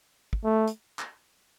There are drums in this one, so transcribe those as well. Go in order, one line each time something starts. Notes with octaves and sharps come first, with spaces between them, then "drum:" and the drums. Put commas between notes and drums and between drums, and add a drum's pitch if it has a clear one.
drum: kick
A3
drum: hi-hat
drum: clap